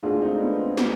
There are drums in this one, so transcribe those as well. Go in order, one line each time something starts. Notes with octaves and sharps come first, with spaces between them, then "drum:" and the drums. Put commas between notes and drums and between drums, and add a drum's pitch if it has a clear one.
D2 D3 G#3 D4 F4
C4 D#4
B3 D4
C4
drum: snare